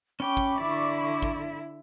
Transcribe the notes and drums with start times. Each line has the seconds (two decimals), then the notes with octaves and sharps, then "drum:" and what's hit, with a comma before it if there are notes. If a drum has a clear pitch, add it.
0.20 C#4 G5 B5 C#6 D6
0.37 drum: kick
0.58 D3 E4 D5
1.22 drum: kick